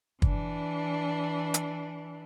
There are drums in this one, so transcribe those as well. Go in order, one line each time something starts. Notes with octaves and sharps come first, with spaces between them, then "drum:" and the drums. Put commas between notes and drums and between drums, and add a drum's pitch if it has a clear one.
E3 D4, drum: kick
drum: hi-hat